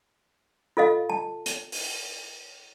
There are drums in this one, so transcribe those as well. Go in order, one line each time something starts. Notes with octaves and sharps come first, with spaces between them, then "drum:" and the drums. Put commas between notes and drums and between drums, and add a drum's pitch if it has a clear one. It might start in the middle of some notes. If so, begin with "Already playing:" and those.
F4 A4 D#5 F5
A5
drum: hi-hat
drum: open hi-hat